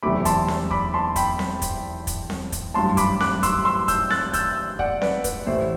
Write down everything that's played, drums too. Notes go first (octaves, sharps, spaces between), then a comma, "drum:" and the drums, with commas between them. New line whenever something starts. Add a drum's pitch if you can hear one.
E1 E2 C3 F#3 A3 B5 D6
A5 C6, drum: kick, hi-hat
drum: snare C4
B5 D6, drum: kick
A5 C6
G5 B5, drum: kick, hi-hat
drum: snare C4
drum: kick, hi-hat
drum: kick, hi-hat
drum: snare C4
drum: kick, hi-hat
A1 G2 F#3 A5 C6
B5 D6, drum: kick, hi-hat
D6 F#6, drum: snare C4
C6 E6, drum: kick, hi-hat
C6 E6
E6 G6, drum: kick, hi-hat
F#6 A6, drum: snare C4
E6 G6, drum: kick, hi-hat
D5 F#5, drum: kick
B4 D5, drum: snare C4
B4, drum: kick, hi-hat
A1 A2 E3 A3 C5